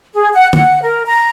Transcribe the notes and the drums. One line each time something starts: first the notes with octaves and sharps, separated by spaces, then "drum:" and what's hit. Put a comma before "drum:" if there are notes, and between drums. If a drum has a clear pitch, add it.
G#4
F#5
F#5, drum: tom D3
A#4
A#5